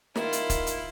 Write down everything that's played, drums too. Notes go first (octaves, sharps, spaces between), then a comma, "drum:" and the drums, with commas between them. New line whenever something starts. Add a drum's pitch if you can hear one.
D#3 E4 F4, drum: snare
drum: hi-hat
drum: kick, hi-hat
drum: hi-hat